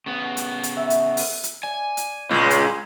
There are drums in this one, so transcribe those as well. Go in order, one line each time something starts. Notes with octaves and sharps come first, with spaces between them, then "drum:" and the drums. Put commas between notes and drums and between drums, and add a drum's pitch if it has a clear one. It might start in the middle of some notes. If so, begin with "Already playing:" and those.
C#3 B3
drum: hi-hat
drum: hi-hat
E5
drum: hi-hat
drum: open hi-hat
drum: hi-hat
D5 G#5
drum: hi-hat
C#2 A#2 G#3
drum: hi-hat